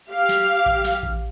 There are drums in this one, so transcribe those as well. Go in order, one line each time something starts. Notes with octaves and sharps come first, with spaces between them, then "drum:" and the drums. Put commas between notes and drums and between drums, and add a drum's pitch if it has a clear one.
G4 F5
drum: snare
drum: kick A1
drum: snare
drum: kick A1